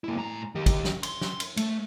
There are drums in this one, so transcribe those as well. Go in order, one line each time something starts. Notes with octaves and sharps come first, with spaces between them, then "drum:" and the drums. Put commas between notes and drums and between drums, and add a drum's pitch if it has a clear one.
A#3 E4
A2 A#5
D#3 G4
drum: kick, cymbal
drum: snare
C6, drum: cymbal
drum: snare
drum: cymbal
A3, drum: cymbal